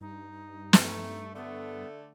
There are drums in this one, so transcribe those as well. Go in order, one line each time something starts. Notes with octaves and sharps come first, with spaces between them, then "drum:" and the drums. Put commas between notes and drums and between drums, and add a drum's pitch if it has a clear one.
G2 D#4
A3, drum: snare
D3 A3 B3